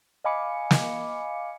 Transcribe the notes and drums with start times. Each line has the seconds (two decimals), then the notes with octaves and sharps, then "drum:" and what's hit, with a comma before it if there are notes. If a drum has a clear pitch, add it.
0.24 D#5 F5 G#5 B5 D6 C#7
0.71 drum: snare